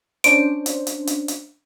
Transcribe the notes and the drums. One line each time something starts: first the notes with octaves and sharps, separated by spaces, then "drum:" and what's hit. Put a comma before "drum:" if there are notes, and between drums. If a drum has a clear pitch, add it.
C#4 D4 C5 D7, drum: hi-hat
drum: hi-hat
drum: hi-hat
drum: hi-hat
drum: hi-hat